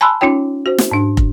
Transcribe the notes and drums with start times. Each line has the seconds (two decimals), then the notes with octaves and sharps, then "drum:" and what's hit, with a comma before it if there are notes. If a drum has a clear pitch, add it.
0.01 G#5 A5 B5 C6 E6 F#6
0.21 C#4 D#4 F4 C#5 G5
0.66 F#4 C5
0.78 drum: snare
0.91 G#2 D4
1.17 drum: kick